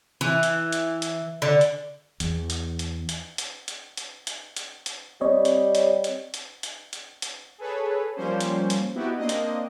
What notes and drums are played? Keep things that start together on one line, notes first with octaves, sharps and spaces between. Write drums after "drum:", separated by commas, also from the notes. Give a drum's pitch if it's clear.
E3
drum: hi-hat
drum: hi-hat
drum: hi-hat
D3
drum: hi-hat
E2, drum: hi-hat
drum: hi-hat
drum: hi-hat
drum: hi-hat
drum: hi-hat
drum: hi-hat
drum: hi-hat
drum: hi-hat
drum: hi-hat
drum: hi-hat
G3 C4 C#5 D#5
drum: hi-hat
drum: hi-hat
drum: hi-hat
drum: hi-hat
drum: hi-hat
drum: hi-hat
drum: hi-hat
G#4 A4 B4 C#5
F3 G3 A#3 C#4 C5
drum: hi-hat
drum: hi-hat
B3 D#4 E4 F#4 G4 B4
A#3 C4 D4 D#5
drum: hi-hat